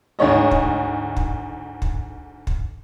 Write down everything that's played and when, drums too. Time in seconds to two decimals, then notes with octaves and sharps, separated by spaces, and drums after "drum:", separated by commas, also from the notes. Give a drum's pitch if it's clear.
0.19 D2 G#2 C#5 D#5
0.51 drum: kick
1.17 drum: kick
1.82 drum: kick
2.47 drum: kick